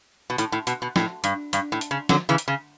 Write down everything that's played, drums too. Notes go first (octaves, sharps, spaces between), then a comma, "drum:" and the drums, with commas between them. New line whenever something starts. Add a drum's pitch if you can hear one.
B2
A2, drum: hi-hat
A2
B2, drum: hi-hat
B2
A2, drum: snare
G2, drum: hi-hat
G2, drum: hi-hat
A2
drum: hi-hat
C#3
D3 F#3, drum: snare
C#3 E3
drum: hi-hat
C#3